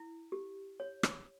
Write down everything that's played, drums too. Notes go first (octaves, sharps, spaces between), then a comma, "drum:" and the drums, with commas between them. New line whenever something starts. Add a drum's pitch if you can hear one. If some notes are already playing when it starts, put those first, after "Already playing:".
Already playing: E4
G4
C#5
drum: rim click